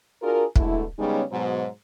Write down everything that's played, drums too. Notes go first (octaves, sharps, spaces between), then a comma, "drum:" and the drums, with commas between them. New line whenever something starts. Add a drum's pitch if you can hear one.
D4 F4 F#4 G#4 A#4
B2 D3 G#3 A3 E4, drum: kick
C#3 G3 G#3 B3 C#4 D#4
G#2 B2 F#3